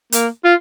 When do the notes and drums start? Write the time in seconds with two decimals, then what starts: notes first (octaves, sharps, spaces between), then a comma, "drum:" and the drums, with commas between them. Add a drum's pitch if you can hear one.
0.12 A#3, drum: hi-hat
0.44 F4